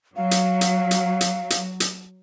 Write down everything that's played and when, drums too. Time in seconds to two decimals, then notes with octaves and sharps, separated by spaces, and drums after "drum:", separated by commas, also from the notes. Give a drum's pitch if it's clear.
0.16 F#3 F5
0.31 drum: hi-hat
0.61 drum: hi-hat
0.91 drum: hi-hat
1.21 drum: hi-hat
1.50 drum: hi-hat
1.80 drum: hi-hat